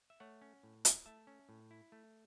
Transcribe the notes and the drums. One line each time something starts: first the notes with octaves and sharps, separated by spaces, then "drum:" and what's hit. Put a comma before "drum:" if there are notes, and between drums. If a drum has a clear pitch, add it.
E5
A3 C#5 F#5
C#4
A2
E4, drum: hi-hat
A3 E5 A5
C#4
A2
E4
A3